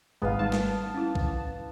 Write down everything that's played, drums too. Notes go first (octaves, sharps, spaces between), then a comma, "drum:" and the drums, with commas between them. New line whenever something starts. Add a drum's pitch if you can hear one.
G#1 G#2 G#3 B3 B4 F5
G3 D#4 A5
drum: snare
C#4 E4
drum: kick